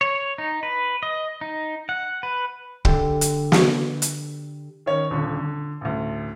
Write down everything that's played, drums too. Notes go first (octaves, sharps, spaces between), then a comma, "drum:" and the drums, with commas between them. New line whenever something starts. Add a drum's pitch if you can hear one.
C#5
D#4
B4
D#5
D#4
F#5
B4
D3 G4 A4, drum: kick
drum: hi-hat
drum: snare
drum: hi-hat
D#3 C#4 C#5
D#1 D3 F4 C#6
D3
A1 D2